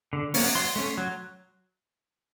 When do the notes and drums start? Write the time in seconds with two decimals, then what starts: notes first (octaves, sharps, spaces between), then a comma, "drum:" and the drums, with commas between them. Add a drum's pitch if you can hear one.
0.13 D3
0.34 F#3 A#3 C#4, drum: open hi-hat
0.55 F#3 C6
0.76 A3 C#4
0.98 F#3